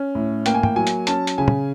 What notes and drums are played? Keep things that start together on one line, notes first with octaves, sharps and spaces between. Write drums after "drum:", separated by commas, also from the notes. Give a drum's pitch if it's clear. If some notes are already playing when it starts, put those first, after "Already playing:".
Already playing: C#4
A2
A#3 G5, drum: hi-hat
G#5
G5, drum: tom
F#3 G#5
drum: hi-hat
C#4 A5, drum: hi-hat
drum: hi-hat
C#3 G#5
drum: tom